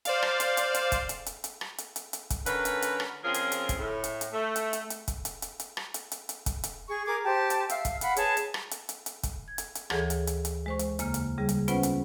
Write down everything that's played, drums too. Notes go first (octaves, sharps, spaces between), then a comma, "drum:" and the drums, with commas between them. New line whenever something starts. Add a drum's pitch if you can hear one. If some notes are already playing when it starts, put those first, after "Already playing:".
C5 D5 F5, drum: hi-hat
drum: rim click
drum: hi-hat
drum: hi-hat
drum: hi-hat
drum: kick, hi-hat
drum: hi-hat
drum: hi-hat
drum: hi-hat
drum: rim click
drum: hi-hat
drum: hi-hat
drum: hi-hat
drum: kick, hi-hat
D3 C#4 A#4 B4, drum: hi-hat
drum: hi-hat
drum: hi-hat
drum: rim click
F3 C4 C#4 F4 G#4 A#4
drum: hi-hat
drum: hi-hat
drum: kick, hi-hat
A2
drum: hi-hat
drum: hi-hat
A3
drum: hi-hat
drum: hi-hat
drum: hi-hat
drum: kick, hi-hat
drum: hi-hat
drum: hi-hat
drum: hi-hat
drum: rim click
drum: hi-hat
drum: hi-hat
drum: hi-hat
drum: kick, hi-hat
drum: hi-hat
G#4 C#6
G#4 A#4 D6 G#6
G4 C5 A5
drum: hi-hat
E5 F5, drum: hi-hat
drum: kick, hi-hat
F5 F#5 B5, drum: hi-hat
G#4 B4 C#5 A5, drum: hi-hat
drum: hi-hat
drum: rim click
drum: hi-hat
drum: hi-hat
drum: hi-hat
drum: kick, hi-hat
G#6
drum: hi-hat
drum: hi-hat
D2 E3 G#4 A4 C#5 G#6, drum: rim click
drum: hi-hat
drum: hi-hat
drum: hi-hat
G#3 C5 C#6
drum: hi-hat
E2 C#3 A#3 F6, drum: hi-hat
drum: hi-hat
C#3 G3 G#4
drum: hi-hat
B3 C#4 F4 B4 C5 F#5, drum: hi-hat
drum: hi-hat